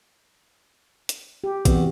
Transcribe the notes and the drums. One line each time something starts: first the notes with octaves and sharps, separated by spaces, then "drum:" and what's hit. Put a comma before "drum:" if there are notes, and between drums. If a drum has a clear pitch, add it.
drum: hi-hat
G4
E2 C3 E3 F#4, drum: kick A#1, hi-hat